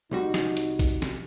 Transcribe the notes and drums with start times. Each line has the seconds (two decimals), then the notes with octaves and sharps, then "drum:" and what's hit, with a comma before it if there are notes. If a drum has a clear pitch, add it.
0.11 C2 G3 D#4 F#4
0.34 drum: snare
0.57 drum: hi-hat
0.79 drum: kick A1, open hi-hat
1.02 drum: snare